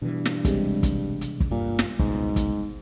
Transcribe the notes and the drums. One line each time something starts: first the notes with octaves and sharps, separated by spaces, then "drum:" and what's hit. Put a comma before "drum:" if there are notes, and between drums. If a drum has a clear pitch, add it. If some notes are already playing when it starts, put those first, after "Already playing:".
G2 B2 E3
drum: snare
C3 G3 G#3, drum: kick, hi-hat
drum: kick, hi-hat
drum: hi-hat
drum: kick
G2 A#2
drum: snare
C#2 G#2 B2, drum: kick
drum: kick, hi-hat